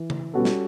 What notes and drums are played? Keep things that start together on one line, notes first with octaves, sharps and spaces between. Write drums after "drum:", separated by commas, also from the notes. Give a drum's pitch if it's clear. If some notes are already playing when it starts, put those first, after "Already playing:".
Already playing: E3
drum: tom C#3
B2 G3 B3 C#4 F#4 A4
drum: snare